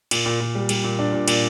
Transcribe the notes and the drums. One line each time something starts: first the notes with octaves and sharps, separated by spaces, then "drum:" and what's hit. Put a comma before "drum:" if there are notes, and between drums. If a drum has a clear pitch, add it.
A#2, drum: cymbal
A#2
A#2
G3
G3, drum: cymbal
A#2
D4
A#2
A#2, drum: cymbal